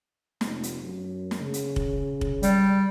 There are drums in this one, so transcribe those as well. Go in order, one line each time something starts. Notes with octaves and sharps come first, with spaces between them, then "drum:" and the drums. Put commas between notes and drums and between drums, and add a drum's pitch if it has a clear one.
F1, drum: snare
drum: hi-hat
F#2
drum: snare
C#3
drum: hi-hat
drum: kick
drum: kick
G3, drum: hi-hat